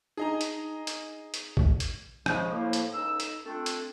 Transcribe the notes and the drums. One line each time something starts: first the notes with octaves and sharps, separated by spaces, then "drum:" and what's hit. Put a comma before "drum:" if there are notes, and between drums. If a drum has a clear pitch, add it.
D4 D#4 G#4 D#5 A#5
drum: hi-hat
drum: hi-hat
drum: hi-hat
drum: kick A1
drum: hi-hat
C#3 F3 G#3, drum: rim click
A2 F3 A#3
drum: hi-hat
C#2 D#4 A4 E6
drum: hi-hat
A3 C4 D4 F4 A4
drum: hi-hat